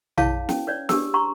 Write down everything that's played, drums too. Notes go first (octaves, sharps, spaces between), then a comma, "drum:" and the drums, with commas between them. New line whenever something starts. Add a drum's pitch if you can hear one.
E4 G#4 C#5 F5 A5, drum: tom A#1
C#4, drum: snare
B4 C#5 D5
D4 G4 G#4 B4 E6, drum: snare
G4 A#5 C6 C#6